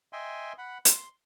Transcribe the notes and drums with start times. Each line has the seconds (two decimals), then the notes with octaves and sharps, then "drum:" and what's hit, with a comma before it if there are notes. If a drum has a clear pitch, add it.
0.13 D#5 E5 G5 G#5 C6
0.58 F#5 B5
0.85 C6, drum: hi-hat